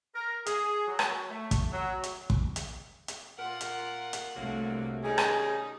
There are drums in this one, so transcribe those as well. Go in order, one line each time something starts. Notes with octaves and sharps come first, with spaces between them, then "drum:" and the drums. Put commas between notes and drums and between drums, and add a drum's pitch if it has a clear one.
A#4
G#4, drum: hi-hat
F#3
drum: rim click
A3
drum: kick, hi-hat
F#3
drum: hi-hat
drum: kick
drum: hi-hat
drum: hi-hat
A#2 F4 A#4 F#5
drum: hi-hat
drum: hi-hat
C2 D3 F#3 A3 A#3
D#3 G3 C#4 D#4 G#4
drum: rim click